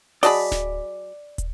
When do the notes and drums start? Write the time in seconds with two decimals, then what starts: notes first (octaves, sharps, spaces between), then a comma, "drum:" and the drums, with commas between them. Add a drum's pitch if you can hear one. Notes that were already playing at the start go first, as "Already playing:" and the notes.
0.23 F#3 G#4 D5 D#5 A5 B5, drum: open hi-hat
0.52 drum: snare D1
1.38 drum: kick, hi-hat